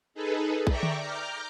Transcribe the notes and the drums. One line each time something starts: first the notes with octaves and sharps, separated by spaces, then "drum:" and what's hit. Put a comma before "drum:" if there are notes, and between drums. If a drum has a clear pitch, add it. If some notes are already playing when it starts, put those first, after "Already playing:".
D#4 G#4 A4 B4
D5 E5 G5 A#5 C#6 D6, drum: kick
drum: tom D3
A#5 D6 F6 G6